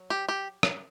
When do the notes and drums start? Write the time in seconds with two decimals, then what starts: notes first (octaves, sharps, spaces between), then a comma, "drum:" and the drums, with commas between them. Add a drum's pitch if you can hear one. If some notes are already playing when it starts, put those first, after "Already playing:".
Already playing: F#3
0.10 G4
0.29 G4
0.63 drum: rim click